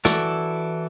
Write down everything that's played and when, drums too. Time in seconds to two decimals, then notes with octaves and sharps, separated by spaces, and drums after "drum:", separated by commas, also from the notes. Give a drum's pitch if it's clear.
0.05 E3 E4 F#4 A4 D5, drum: snare